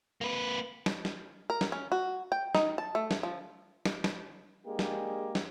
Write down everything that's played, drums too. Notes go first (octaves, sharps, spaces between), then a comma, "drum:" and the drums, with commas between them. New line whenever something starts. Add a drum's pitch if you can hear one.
A#3 B4
drum: snare
drum: snare
A#4
drum: snare
C#4
F#4
G5
D#4, drum: snare
A5
A3
drum: snare
F3
drum: snare
drum: snare
G#3 A#3 D4 G4 G#4
drum: snare
drum: snare